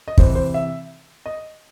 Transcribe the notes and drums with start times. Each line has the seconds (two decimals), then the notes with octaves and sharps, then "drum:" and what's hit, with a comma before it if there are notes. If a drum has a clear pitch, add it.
0.08 D#5
0.18 C3 E3 C5, drum: kick
0.35 C5
0.54 E5
1.26 D#5